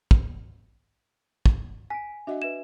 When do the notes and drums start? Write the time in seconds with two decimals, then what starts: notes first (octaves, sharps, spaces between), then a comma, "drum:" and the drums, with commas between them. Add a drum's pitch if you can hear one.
0.11 drum: kick
1.46 drum: kick
1.90 G#5 B6 D7
2.27 D4 F#4 D#5 E5 F#5
2.42 B4 E5 G#6 E7